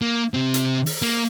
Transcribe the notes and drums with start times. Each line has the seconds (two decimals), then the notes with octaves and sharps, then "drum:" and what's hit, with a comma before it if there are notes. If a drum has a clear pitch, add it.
0.02 A#3
0.34 C3 C4
0.54 drum: hi-hat
0.86 drum: open hi-hat
1.02 A#3